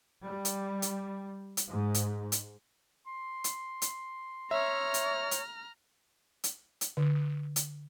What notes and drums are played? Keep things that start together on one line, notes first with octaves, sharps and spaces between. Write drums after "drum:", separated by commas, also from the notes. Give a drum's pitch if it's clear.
G3
drum: hi-hat
drum: hi-hat
drum: hi-hat
G#2
drum: hi-hat
drum: hi-hat
C6
drum: hi-hat
drum: hi-hat
C#5 E5 A#5 F6
drum: hi-hat
drum: hi-hat
drum: hi-hat
drum: hi-hat
D3
drum: hi-hat